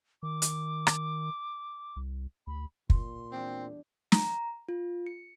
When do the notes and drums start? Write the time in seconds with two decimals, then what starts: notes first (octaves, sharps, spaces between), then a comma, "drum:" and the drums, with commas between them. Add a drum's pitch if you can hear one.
0.23 D#3 D6
0.42 drum: hi-hat
0.87 drum: rim click
1.96 C2
2.47 D2 B5
2.90 A#2 C6, drum: kick
3.32 E2 G3 C4 D4
4.12 A#5, drum: snare
4.69 F4
5.07 C#7